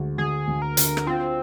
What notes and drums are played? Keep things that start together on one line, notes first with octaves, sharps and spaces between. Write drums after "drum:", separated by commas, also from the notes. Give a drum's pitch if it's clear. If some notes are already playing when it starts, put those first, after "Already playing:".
Already playing: D2 D3 G#3
D2 G#4
D2
A#4
D3, drum: hi-hat
drum: rim click
C4 F4